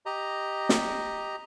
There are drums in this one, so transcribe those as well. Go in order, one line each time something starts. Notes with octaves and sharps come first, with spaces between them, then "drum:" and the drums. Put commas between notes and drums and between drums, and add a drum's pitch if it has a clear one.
G4 D#5 A#5
drum: snare